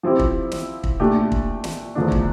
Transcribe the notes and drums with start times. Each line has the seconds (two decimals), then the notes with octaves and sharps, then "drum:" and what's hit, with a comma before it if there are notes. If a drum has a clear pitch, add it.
0.03 F3 C4 E4 G4
0.19 drum: kick
0.52 drum: snare
0.84 drum: kick
1.00 A#2 A3 D4 G4
1.32 drum: kick
1.64 drum: snare
1.95 E2 D3 F3 A3 D4
2.12 drum: kick